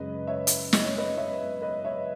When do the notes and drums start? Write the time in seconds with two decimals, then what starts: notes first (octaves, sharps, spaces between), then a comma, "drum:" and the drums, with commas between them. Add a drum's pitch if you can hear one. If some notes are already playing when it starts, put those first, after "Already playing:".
Already playing: F#2 C#3 G#3 B4 D#5
0.27 C#5 E5
0.47 drum: hi-hat
0.73 D#5, drum: snare
0.85 C#5
0.98 B4 D#5
1.17 C#5 E5
1.62 B4 D#5
1.85 C#5 E5